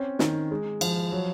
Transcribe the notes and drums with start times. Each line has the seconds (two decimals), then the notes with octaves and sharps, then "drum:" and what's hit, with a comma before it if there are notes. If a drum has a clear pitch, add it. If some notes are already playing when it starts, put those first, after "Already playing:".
Already playing: C4 C#4
0.19 D#3, drum: snare
0.51 G#3
0.81 F3, drum: cymbal
1.12 F#3